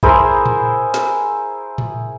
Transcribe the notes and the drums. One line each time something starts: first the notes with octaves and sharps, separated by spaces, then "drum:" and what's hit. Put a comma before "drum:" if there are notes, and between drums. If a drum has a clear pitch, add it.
E4 G#4 A#4 C5, drum: kick
drum: tom A2
drum: snare
drum: tom A2